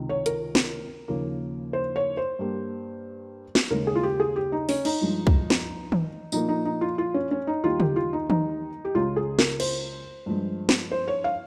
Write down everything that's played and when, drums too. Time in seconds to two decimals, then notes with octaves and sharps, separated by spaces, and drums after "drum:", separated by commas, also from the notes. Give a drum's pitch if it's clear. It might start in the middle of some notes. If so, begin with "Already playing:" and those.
Already playing: C#2 C3 D#3
0.09 C#5
0.26 A#4, drum: hi-hat
0.55 drum: snare
1.08 D#2 C#3 F3 A#3
1.73 C5
1.96 C#5
2.17 C5
2.39 G2 G3 A#3
3.55 drum: snare
3.70 D#2 C#3 G#3 A#4
3.87 G#4
3.95 F4
4.03 G4
4.20 G#4
4.36 G4
4.52 D#4
4.69 C#4, drum: open hi-hat
4.85 D#4, drum: cymbal
5.01 G2 F3 G#3
5.27 drum: kick
5.50 drum: snare
5.92 drum: tom D#3
6.32 A#2 F3 A#3 D#4, drum: tambourine
6.49 D#4
6.65 D#4
6.81 F4
6.98 F4
7.14 C#4
7.31 C#4
7.47 D#4
7.63 D#2 D#3 G3 F4
7.80 G4, drum: tom C#3
7.96 F4
8.13 D#4
8.30 D#4, drum: tom D#3
8.85 G4
8.95 C#2 C#3 G#3 F4
9.16 G#4
9.39 A#4, drum: snare
9.60 C5, drum: cymbal
10.26 G2 F3 G#3
10.69 drum: snare
10.92 C5
11.08 C#5
11.24 F5